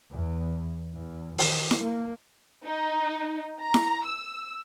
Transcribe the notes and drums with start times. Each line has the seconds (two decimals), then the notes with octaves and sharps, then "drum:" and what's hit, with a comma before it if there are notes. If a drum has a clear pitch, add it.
0.10 E2
0.94 E2
1.38 D#3, drum: open hi-hat
1.71 drum: snare E4
1.82 A#3
2.66 D#4
3.62 A#5
3.74 drum: snare E4
4.05 E6